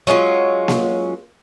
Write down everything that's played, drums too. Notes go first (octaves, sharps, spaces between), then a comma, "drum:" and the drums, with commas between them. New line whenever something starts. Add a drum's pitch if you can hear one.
F#3 G#3 C#4 F4
drum: snare A#3